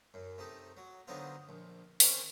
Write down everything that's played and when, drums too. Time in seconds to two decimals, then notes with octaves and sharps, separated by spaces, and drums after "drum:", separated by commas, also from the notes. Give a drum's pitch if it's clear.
0.14 F#2
0.38 C3 A3 D#4
0.77 F#3
1.07 D3 F#3 B3 C4 D#4 F4
1.49 A#1
2.00 D#3 C4 C#4, drum: open hi-hat